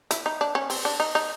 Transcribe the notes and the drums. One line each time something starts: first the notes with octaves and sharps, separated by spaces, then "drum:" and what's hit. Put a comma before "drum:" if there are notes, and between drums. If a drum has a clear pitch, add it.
E4, drum: hi-hat
D#4
D4
C#4
C4, drum: open hi-hat
D4
D#4
D#4